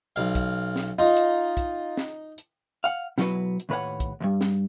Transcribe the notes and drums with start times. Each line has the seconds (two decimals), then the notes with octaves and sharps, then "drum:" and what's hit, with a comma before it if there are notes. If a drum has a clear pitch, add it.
0.16 B1 F5
0.35 drum: kick, hi-hat
0.76 drum: snare
0.98 D#4 F4
1.16 drum: hi-hat
1.57 drum: kick, hi-hat
1.97 drum: snare
2.38 drum: hi-hat
2.84 F5 F#5
3.18 B2 F#3 E4 F#4 B4, drum: snare
3.60 drum: hi-hat
3.69 D#2 A2 B4 C#5 F#5
4.00 drum: kick, hi-hat
4.20 D2 G2
4.41 drum: snare